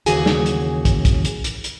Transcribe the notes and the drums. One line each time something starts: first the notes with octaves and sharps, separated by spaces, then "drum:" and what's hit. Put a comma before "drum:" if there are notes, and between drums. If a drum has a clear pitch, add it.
D#2 C#3 E3 F#4 G#4 G#5, drum: hi-hat
drum: snare
drum: hi-hat
drum: kick, hi-hat
drum: kick, hi-hat
drum: hi-hat
drum: hi-hat
drum: hi-hat